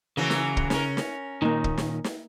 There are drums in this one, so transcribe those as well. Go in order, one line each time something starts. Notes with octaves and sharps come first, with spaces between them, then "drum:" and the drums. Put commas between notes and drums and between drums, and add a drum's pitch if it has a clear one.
C#3 E3 F#3 A#3
drum: snare
drum: kick
C#4 A#4, drum: snare
drum: snare
A#2 D#3 A#3 D#4
drum: kick
drum: snare
drum: snare